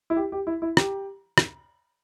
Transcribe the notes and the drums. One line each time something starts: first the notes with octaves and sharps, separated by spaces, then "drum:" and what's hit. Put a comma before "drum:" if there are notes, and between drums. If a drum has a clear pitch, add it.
E4
G4
G4
E4
E4
G4, drum: rim click
drum: rim click